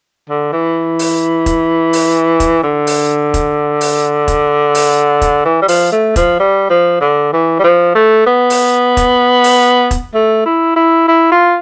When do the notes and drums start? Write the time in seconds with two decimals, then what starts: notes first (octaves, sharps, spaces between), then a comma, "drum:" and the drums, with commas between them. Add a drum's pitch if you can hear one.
0.29 D3
0.53 E3
0.99 drum: open hi-hat
1.46 drum: kick E1, hi-hat
1.93 drum: open hi-hat
2.40 drum: kick E1, hi-hat
2.63 D3
2.87 drum: open hi-hat
3.34 drum: kick E1, hi-hat
3.81 drum: open hi-hat
4.28 drum: kick E1, hi-hat
4.75 drum: open hi-hat
5.22 drum: kick E1, hi-hat
5.45 E3
5.62 G3
5.68 F3, drum: open hi-hat
5.92 A3
6.16 F3, drum: kick E1, hi-hat
6.39 G3
6.70 F3
7.01 D3
7.33 E3
7.59 G3
7.64 F3
7.95 A3
8.26 B3
8.50 drum: open hi-hat
8.97 drum: kick E1, hi-hat
9.44 drum: open hi-hat
9.91 drum: kick E1, hi-hat
10.14 A3
10.46 E4
10.76 E4
11.08 E4
11.32 F4